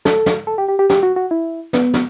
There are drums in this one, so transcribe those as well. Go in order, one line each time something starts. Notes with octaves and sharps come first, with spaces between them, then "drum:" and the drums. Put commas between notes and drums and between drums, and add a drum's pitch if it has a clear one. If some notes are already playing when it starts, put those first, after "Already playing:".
A4, drum: snare
drum: snare
A4
G4
G4
G4
G4, drum: snare
F#4
F#4
E4
B3, drum: snare
drum: snare